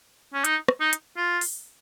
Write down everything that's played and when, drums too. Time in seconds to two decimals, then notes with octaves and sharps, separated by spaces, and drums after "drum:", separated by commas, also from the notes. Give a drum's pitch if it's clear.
0.34 C#4
0.45 D#4, drum: hi-hat
0.68 drum: rim click
0.80 D#4
0.93 drum: hi-hat
1.17 F4
1.41 drum: open hi-hat